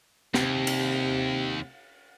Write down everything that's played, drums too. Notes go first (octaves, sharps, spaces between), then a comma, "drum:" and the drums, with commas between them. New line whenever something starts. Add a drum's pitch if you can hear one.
D#2 C3, drum: snare
drum: cymbal